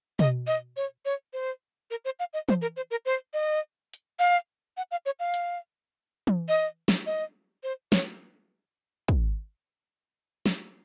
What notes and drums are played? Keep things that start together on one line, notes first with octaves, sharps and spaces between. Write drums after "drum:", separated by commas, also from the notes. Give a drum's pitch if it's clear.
D#5, drum: tom
D#5
C#5
C#5
C5
A#4
C5
F5
D#5
C5, drum: tom
A#4
C5
A#4
C5
D#5
drum: hi-hat
F5
F#5
F5
C#5
F5
drum: hi-hat
drum: tom
D#5
drum: snare
D#5
C5
C#5, drum: snare
drum: kick
drum: snare